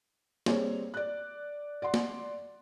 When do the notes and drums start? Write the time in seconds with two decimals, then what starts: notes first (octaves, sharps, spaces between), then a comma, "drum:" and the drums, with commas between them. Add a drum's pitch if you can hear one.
0.46 G3 A#3 C4 G#4 C#5, drum: snare
0.94 D5 F#6
1.82 D5 F#5 C6
1.94 drum: snare